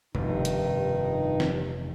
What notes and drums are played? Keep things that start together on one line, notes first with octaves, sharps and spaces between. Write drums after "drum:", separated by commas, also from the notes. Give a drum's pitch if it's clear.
F1 G2 D#3 D#4, drum: tom B2
drum: hi-hat
drum: snare